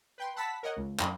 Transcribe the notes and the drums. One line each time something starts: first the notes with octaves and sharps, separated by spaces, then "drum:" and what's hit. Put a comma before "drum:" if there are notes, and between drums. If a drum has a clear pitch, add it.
B4 G5 C6
F#5 A5 B5 E6 B6
A#4 C#5 D#5 F#5
C#2
F#2, drum: clap